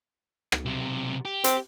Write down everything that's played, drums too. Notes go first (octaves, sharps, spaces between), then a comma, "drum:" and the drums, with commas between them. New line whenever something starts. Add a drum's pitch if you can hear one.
drum: rim click
B1 C3
G4
C4, drum: hi-hat